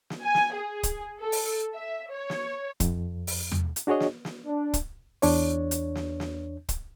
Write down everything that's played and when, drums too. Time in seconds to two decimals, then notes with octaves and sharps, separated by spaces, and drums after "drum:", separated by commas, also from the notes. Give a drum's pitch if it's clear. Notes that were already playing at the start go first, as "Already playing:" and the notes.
0.10 drum: snare
0.24 G#5
0.35 drum: snare
0.54 G#4
0.83 drum: kick, hi-hat
1.20 A4
1.32 drum: open hi-hat
1.74 E5
2.11 C#5
2.30 drum: snare
2.80 F2, drum: kick, hi-hat
3.27 drum: open hi-hat
3.52 drum: tom E2
3.76 drum: hi-hat
3.87 D4 F#4 G#4 C#5 D#5
4.00 drum: snare
4.25 drum: snare
4.45 D4
4.74 drum: kick, hi-hat
5.22 E2 D4 C#5, drum: open hi-hat
5.71 drum: hi-hat
5.95 drum: snare
6.20 drum: snare
6.69 drum: kick, hi-hat